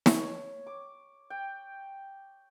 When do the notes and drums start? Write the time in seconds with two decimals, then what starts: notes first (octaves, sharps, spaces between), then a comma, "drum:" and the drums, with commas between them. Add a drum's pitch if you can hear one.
0.06 C#5, drum: snare
0.67 D6
1.30 G5